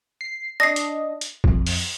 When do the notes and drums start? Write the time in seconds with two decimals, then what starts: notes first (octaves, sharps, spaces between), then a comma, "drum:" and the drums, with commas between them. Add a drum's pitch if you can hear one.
0.21 C7
0.60 D4 D#5 A#6 C7
0.76 drum: hi-hat
1.21 drum: hi-hat
1.44 F2, drum: kick
1.66 drum: open hi-hat